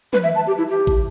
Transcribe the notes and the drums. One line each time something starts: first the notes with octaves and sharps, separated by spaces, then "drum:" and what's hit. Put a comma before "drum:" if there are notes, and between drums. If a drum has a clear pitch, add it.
B4, drum: tom
E5
A5
G4
E4
G4
drum: kick